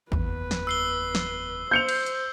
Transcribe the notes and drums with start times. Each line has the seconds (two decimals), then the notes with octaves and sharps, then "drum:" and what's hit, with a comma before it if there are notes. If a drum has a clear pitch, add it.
0.12 F#1 E2 B4, drum: kick
0.51 drum: snare
0.67 E6 C7 G7
1.15 drum: snare
1.71 C5 G6 C#7 F7
1.89 drum: cymbal
2.06 drum: hi-hat